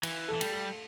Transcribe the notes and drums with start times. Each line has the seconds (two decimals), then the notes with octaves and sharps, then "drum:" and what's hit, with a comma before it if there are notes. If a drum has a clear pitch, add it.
0.03 E3, drum: cymbal
0.28 A4
0.35 E3
0.41 G3, drum: cymbal
0.53 A4